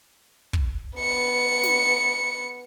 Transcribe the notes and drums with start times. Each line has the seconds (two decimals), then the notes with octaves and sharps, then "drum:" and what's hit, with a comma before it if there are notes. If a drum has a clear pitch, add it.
0.53 drum: kick
0.98 B3 C#7
1.63 drum: snare